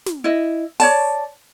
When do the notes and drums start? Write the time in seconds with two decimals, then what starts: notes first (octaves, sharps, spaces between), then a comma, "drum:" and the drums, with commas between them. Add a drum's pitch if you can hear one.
0.06 drum: snare
0.24 E4 D#5
0.80 C#5 D5 A5, drum: open hi-hat